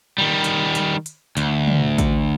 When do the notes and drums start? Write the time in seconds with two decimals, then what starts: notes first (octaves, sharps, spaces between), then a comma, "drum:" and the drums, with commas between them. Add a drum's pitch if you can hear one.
0.18 D#3 G3
0.44 drum: hi-hat
0.75 drum: hi-hat
1.06 drum: hi-hat
1.37 D2, drum: hi-hat
1.68 drum: tom
1.98 drum: kick A1, hi-hat